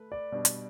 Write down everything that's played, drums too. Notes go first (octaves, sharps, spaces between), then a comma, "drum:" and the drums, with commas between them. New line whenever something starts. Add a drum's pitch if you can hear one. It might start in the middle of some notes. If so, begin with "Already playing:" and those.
Already playing: A3 B4
D5
B2 G3 D4
drum: hi-hat